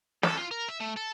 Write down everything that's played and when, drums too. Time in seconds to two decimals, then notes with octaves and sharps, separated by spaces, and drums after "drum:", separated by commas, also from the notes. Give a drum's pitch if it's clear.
0.23 A4, drum: snare
0.37 F4
0.51 A#4
0.69 E5
0.81 A3
0.97 A4